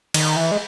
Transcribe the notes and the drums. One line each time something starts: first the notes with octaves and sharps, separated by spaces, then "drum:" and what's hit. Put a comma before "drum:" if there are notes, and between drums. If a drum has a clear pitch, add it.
D#3, drum: cymbal
E3
G#3